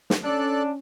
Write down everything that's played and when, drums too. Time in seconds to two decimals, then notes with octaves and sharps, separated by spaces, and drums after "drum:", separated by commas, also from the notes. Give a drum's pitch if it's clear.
0.10 drum: snare
0.24 C#4 D4 A4 D5 F#6